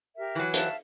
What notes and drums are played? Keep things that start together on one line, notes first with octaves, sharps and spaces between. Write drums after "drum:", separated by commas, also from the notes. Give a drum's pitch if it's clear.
G4 A#4 E5
E3 F#3
E5 F5 A5, drum: hi-hat